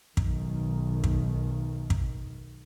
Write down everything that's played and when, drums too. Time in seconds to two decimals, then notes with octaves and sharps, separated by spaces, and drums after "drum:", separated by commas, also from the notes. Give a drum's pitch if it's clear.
0.17 B1 D#3, drum: kick
1.04 drum: kick
1.90 drum: kick